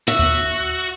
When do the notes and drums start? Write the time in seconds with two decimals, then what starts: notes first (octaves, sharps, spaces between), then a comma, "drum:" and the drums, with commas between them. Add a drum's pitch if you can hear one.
0.08 F#4 E5
0.19 drum: kick D2